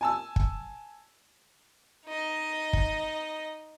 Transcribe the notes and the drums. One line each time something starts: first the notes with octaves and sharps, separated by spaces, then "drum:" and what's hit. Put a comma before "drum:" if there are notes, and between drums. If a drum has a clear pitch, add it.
G#5 A5 E6
drum: kick
D#4 D#5
drum: kick